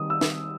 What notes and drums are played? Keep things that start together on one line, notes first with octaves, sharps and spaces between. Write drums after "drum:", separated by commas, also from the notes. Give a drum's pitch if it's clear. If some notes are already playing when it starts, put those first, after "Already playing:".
Already playing: D#3 G3 D#4 D#6
E6
drum: snare